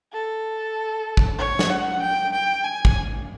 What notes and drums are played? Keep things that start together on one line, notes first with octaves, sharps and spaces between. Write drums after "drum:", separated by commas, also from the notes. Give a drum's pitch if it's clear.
A4
drum: kick
C#5
drum: snare
F#5
G5
G5
G#5
drum: kick